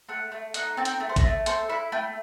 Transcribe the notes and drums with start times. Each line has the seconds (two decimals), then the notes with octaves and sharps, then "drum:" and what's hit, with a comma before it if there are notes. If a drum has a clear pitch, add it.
0.09 A3 F#5
0.32 A3
0.54 D#4 F#5, drum: hi-hat
0.77 C4 A5
0.85 G5, drum: hi-hat
1.00 A3
1.09 C5
1.16 D#5, drum: kick A#1, hi-hat
1.23 A3
1.46 A4 C5, drum: hi-hat
1.69 E4 E5
1.92 A3 G5